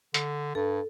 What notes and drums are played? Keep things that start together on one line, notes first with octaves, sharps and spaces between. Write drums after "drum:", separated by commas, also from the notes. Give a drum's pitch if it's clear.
D3, drum: hi-hat
G2 A4